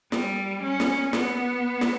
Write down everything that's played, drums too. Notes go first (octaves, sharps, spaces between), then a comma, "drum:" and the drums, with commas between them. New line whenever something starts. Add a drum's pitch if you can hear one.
G3, drum: snare
C#4
drum: snare
B3, drum: snare
drum: snare